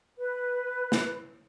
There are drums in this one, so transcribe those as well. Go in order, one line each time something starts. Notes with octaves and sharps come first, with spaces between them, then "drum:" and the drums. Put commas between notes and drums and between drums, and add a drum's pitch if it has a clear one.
B4
drum: snare